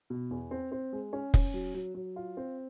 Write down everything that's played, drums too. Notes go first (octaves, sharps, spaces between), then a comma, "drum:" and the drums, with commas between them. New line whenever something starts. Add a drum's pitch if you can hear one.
B2
E2
C4
C4
G#3
C#4
C#4, drum: kick F1
F#3
F#3
F#3
F4
C4